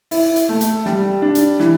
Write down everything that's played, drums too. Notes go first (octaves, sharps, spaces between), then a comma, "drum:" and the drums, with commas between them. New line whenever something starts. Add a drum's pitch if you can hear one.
E4, drum: open hi-hat
drum: hi-hat
A3
drum: hi-hat
G3, drum: snare
D4
drum: hi-hat
E3, drum: snare